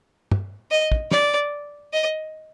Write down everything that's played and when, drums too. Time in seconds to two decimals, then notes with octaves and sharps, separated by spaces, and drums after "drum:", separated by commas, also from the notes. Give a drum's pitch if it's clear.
0.31 drum: tom
0.71 D#5
0.92 drum: kick
1.11 D5, drum: snare
1.93 D#5